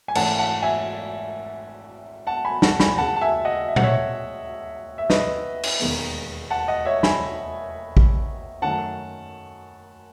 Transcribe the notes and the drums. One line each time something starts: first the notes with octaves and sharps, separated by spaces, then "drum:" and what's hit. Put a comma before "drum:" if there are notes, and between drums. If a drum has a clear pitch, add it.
G#5
G#1 G#2 E3 A3 C#4 F#5 A5, drum: cymbal
F#5 A5
E5 G#5
F#5 A5
G#5 B5
F#5 A5, drum: snare
G#5 B5, drum: snare
D#2 C#3 G#3 F#5 A5
A5
E5 G#5
D#5 F#5
E5
F#5, drum: tom A#2
C#5 E5
E5
B4 D#5, drum: snare
drum: cymbal
E1 D#2 D#3 G#3 B3, drum: open hi-hat
F#5 A5
D#5 F#5
C#5 E5
G#5 B5, drum: snare
drum: kick A1
F#2 D#3 A3 C#4 F#5 A5